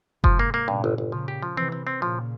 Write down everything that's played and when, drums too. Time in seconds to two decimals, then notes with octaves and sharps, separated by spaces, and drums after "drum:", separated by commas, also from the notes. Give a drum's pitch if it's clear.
0.24 G#2 C3 F3, drum: kick F#1
0.39 A#3
0.54 A#3
0.68 G2 A#2 C#3
0.84 G1
0.98 G1
1.12 A#2 C#3 F3
1.28 G4
1.42 F3
1.57 C3 E3 C4
1.72 C4
1.87 C4
2.01 A#2 C#3 F3